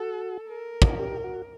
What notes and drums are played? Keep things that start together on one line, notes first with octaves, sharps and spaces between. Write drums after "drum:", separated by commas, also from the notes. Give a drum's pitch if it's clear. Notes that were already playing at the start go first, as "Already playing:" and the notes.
Already playing: F#4 A4
A#4
drum: kick
G4
F#4